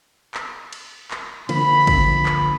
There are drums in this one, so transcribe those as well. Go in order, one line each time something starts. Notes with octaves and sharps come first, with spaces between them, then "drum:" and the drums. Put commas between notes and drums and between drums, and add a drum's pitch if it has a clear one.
drum: clap
drum: cymbal
drum: clap
D3 F3 A#3 B5, drum: cymbal
drum: kick, cymbal
drum: clap